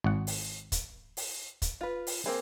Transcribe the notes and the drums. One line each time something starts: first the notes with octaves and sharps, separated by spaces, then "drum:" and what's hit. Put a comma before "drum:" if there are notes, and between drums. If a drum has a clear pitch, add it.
G#1 F#5
drum: open hi-hat
drum: kick, hi-hat
drum: open hi-hat
drum: kick, hi-hat
F4 B4
drum: open hi-hat
A#3 C4 G#4